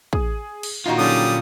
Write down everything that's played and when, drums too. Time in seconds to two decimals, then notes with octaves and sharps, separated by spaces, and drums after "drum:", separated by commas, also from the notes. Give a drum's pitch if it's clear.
0.13 G#4 D#6, drum: kick
0.63 drum: cymbal
0.86 A#2 D#3 D#4 F4 F#4
0.99 D3 F#3 G3 C#4 D#6